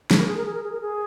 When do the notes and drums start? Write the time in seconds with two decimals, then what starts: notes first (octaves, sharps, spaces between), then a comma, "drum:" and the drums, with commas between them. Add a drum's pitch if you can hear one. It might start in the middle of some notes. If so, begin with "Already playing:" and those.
0.11 G#4, drum: snare
0.19 A#4
0.28 G#4
0.37 A#4
0.46 G#4
0.54 A#4
0.64 G#4
0.72 A#4
0.81 G#4